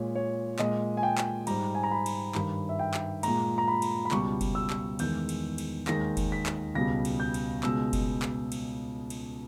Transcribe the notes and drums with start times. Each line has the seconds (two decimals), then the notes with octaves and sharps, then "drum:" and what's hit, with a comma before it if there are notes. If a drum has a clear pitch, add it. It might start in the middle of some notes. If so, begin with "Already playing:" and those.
Already playing: A#2 G#3 C#5
0.15 C#5
0.59 A#2 G#3 D#5, drum: clap
0.97 G#5
1.03 G5
1.18 drum: clap
1.47 G#2 G3 A#5, drum: cymbal
1.75 G#5
1.83 A#5
1.91 B5
2.06 drum: cymbal
2.35 G2 D#3 G3 B5, drum: clap
2.69 E5
2.79 G5
2.94 drum: clap
3.23 A#2 G#3 A#5, drum: cymbal
3.58 A#5
3.68 B5
3.82 drum: cymbal
4.05 B5
4.11 C#2 B2 G3 C#6, drum: clap
4.41 drum: kick F#1, cymbal
4.55 E6
4.70 drum: clap
4.99 E2 D#3 G#3 G6, drum: cymbal
5.29 drum: cymbal
5.58 drum: cymbal
5.88 D#2 D#3 G#3 A#6, drum: clap
6.17 drum: kick F#1, cymbal
6.32 B6
6.46 drum: clap
6.75 C#2 B2 G3 A#6
7.05 drum: cymbal
7.20 G6
7.34 drum: cymbal
7.63 C#2 B2 G#3 E6, drum: clap
7.93 drum: kick F#1, cymbal
8.22 drum: clap
8.52 drum: cymbal
9.10 drum: cymbal